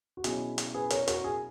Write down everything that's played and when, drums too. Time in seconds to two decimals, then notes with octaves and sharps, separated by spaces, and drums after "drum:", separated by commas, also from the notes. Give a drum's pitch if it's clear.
0.17 F#4
0.24 B2 F#3 C#4 E4 G#4, drum: hi-hat
0.58 drum: hi-hat
0.75 G#4 B4
0.90 A#4 C#5, drum: hi-hat
1.08 F#4 A#4, drum: hi-hat
1.24 G#4